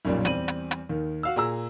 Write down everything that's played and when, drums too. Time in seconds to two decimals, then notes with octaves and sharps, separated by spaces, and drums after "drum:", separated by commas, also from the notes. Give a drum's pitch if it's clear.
0.05 B1 F#2 A#2 G3
0.25 E2 G3 C4 D#7 F#7, drum: hi-hat
0.48 drum: hi-hat
0.71 drum: hi-hat
0.89 D#2 D#3
1.23 F#4 F5 E6
1.36 A#2 G#4 A#5 E6